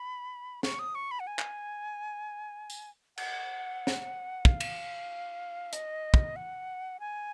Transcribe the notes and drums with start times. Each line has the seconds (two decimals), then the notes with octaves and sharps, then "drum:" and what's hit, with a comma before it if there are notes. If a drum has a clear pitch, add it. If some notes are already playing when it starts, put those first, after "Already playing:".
Already playing: B5
0.63 C#6, drum: snare
0.79 D#6
0.95 C#6
1.11 B5
1.20 F#5
1.27 G#5
1.39 drum: clap
2.70 drum: tambourine
3.17 F#5, drum: cymbal
3.87 drum: snare
4.45 F5, drum: kick
4.60 drum: cymbal
5.73 D#5, drum: hi-hat
6.14 drum: kick
6.36 F#5
7.00 G#5